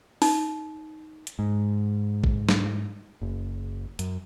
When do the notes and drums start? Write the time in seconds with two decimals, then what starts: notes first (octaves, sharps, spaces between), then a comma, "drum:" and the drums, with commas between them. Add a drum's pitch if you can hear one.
0.22 D#4, drum: open hi-hat
1.27 drum: hi-hat
1.39 G#2
2.24 drum: kick A1
2.49 drum: snare
3.22 F#1
3.99 F#2, drum: hi-hat